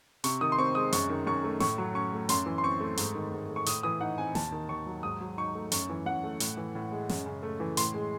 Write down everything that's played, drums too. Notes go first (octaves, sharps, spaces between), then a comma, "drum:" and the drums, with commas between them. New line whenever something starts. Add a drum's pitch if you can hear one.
C3 C#6, drum: hi-hat
D#3 D#6
C6
C4 C#6
G#3 D#6
F#2 C#6, drum: hi-hat
D#3
F#2 C#6
A3
A2 C#6, drum: snare
F#3
C#4 C#6
A3
F#2 C6, drum: hi-hat
E3
C6
C4 C#6
A3
G#2, drum: hi-hat
D#3
G#2
A3
C#6
A2 D#6, drum: hi-hat
E3 D#6
D#4 F#5
C4 G#5
D#2 A5, drum: snare
D#3
D#2 C#6
F#3
G#2 D#6
F#3
D#4 C#6
A3
F#2 C#6, drum: hi-hat
E3
F#2 F#5
A3
A2, drum: hi-hat
E3
A2
G#3
F#2, drum: snare
C#3
A3
E3
A2 C6, drum: hi-hat
G#3